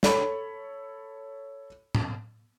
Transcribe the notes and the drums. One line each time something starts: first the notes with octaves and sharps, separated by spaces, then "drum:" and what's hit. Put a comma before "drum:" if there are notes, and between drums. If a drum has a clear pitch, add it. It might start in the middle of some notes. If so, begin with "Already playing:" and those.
A4 C#5 B5, drum: snare
drum: tom A2